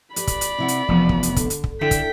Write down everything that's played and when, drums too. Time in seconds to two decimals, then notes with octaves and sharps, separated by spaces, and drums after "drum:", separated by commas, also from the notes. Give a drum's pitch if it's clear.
0.16 G4 B4 D5 B5, drum: hi-hat
0.27 drum: kick, hi-hat
0.41 drum: hi-hat
0.58 C3 E4 F#5
0.68 drum: hi-hat
0.88 F1 E2 F3 B3
1.09 drum: kick
1.23 drum: hi-hat
1.36 D3, drum: kick, hi-hat
1.50 drum: hi-hat
1.64 drum: kick
1.81 D3 D4 E4 A4 G5 B6
1.91 drum: kick, hi-hat